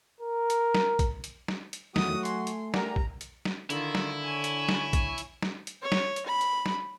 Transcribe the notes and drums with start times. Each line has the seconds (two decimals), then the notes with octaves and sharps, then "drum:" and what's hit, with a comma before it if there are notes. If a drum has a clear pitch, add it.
0.21 A#4
0.50 drum: hi-hat
0.75 drum: snare
0.99 drum: kick, hi-hat
1.24 drum: hi-hat
1.48 drum: snare
1.73 drum: hi-hat
1.96 E2 D#3 F3 F#3 A3 F#4 D#6, drum: snare
2.25 G#5 C6, drum: hi-hat
2.47 drum: hi-hat
2.74 G4 A#4 D5 F#5 G#5 A#5, drum: snare
2.96 drum: kick
3.21 drum: hi-hat
3.45 drum: snare
3.70 D3 D#3 E4 F4, drum: hi-hat
3.95 drum: snare
4.23 C#5 G#5
4.44 drum: hi-hat
4.69 drum: snare
4.93 drum: kick, hi-hat
5.18 drum: hi-hat
5.42 drum: snare
5.67 drum: hi-hat
5.82 C#5
5.92 drum: snare
6.16 drum: hi-hat
6.26 B5
6.41 drum: hi-hat
6.66 drum: snare